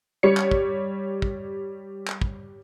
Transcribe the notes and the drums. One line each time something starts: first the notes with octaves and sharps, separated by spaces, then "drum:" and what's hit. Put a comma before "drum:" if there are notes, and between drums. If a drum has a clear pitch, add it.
G3 C#5 C#7
drum: clap
drum: kick
drum: kick
drum: clap
drum: kick